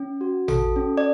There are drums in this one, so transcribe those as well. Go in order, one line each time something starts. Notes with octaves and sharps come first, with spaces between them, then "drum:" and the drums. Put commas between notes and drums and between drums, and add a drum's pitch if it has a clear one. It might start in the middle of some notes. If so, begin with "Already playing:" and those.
Already playing: C#4
F#4
A4, drum: tom A1
C#4
D5